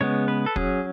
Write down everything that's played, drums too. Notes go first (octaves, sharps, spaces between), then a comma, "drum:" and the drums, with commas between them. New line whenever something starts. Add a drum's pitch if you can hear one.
C#3 G#3 B3 C#5
B4
A4
F#3 C#4 G#4, drum: kick